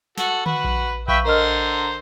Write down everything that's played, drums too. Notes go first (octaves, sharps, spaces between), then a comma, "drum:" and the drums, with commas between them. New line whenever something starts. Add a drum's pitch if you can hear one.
F#4 A4, drum: snare
F#4 B4, drum: tom D3
drum: kick A#1
B4 E5 F5 G5 C#6, drum: kick A#1
D3 A#4 C5 D#5 A#5 F6